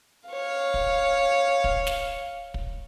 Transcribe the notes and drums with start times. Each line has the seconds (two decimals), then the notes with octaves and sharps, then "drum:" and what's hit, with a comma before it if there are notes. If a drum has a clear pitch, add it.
0.29 C#5 F5
0.74 drum: kick
1.64 drum: kick
1.87 drum: snare
2.54 drum: kick